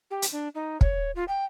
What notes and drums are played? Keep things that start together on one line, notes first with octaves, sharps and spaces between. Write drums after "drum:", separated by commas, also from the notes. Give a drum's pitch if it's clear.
G4
drum: hi-hat
D4
D#4
C#5, drum: kick
F4
G5